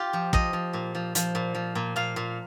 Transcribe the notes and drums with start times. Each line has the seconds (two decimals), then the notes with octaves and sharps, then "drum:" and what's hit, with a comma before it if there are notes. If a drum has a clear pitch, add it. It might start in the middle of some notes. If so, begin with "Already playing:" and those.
Already playing: F4 G4
0.13 F3
0.33 F3 D#5, drum: kick
0.53 F3
0.73 A#2
0.95 F3
1.15 F3, drum: hi-hat
1.35 A#2
1.55 F3
1.75 A#2
1.96 A#2 F5
2.16 A#2